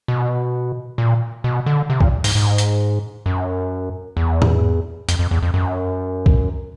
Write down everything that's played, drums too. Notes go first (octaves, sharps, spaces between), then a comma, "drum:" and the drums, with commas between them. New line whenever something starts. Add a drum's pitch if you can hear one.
B2
A#2
B2
D3
C3
A#2, drum: kick
G#2, drum: open hi-hat
G#2
drum: hi-hat
F#2
E2
drum: tom G#2
F2, drum: hi-hat
F2
E2
F2
F#2
drum: kick